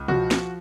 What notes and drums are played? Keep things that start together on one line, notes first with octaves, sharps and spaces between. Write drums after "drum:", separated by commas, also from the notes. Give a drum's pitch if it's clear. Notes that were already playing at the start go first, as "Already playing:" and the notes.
Already playing: C#2
F3 F#4, drum: tom B2
drum: snare